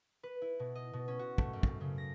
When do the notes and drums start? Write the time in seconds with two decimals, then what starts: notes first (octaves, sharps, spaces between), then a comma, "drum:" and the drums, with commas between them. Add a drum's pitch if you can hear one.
0.23 B4
0.42 E4
0.59 B2
0.75 D#5
0.93 B2
1.08 C#4
1.19 F#4
1.38 A3, drum: kick
1.53 F#2
1.63 drum: kick
1.81 C#3
1.98 A#6